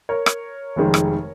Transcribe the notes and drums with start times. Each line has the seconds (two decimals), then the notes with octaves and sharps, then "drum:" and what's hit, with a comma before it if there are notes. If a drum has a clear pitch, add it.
0.09 A#4 C#5
0.26 drum: rim click
0.76 F1 F2 D#3 G#3
0.94 drum: rim click